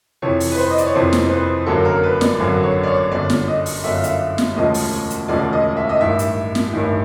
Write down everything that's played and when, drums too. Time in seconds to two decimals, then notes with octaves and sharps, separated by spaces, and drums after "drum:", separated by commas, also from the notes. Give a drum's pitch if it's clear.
0.22 F2 C3 E3 C#5
0.40 drum: open hi-hat
0.52 B4
0.58 C5
0.70 D#5
0.78 D5, drum: hi-hat
0.86 C#5
0.94 F2 C3 E3 C5
1.13 drum: snare
1.26 C5
1.31 B4
1.66 G#1 F#2 D3 F#3 A#3 A4
1.85 A#4
2.03 B4
2.21 D5, drum: snare
2.39 G#1 F#2 D3 F#3 A#3
2.63 C#5
2.83 D5
2.87 C#5
3.11 G1 F#2 D3 D5
3.30 drum: snare
3.48 D#5
3.66 drum: open hi-hat
3.84 G1 F#2 D3 E5
3.93 F5
4.04 E5, drum: hi-hat
4.38 drum: snare
4.56 E1 D2 C#3 F3 G#3 D#5
4.74 drum: open hi-hat
5.10 drum: hi-hat
5.28 E1 D2 C#3 F3 G#3 D5
5.53 D#5
5.77 E5
5.89 D#5
6.01 A1 G2 D#3 E5
6.19 drum: hi-hat
6.55 drum: snare
6.73 A1 G2 D#3